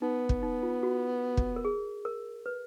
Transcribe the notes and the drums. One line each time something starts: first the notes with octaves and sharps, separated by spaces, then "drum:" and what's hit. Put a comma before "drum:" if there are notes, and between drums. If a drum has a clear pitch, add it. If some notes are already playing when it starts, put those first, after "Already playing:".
B3 D#4
drum: kick
D#4
F4
F#4
drum: kick
A#4
G#4
A#4
B4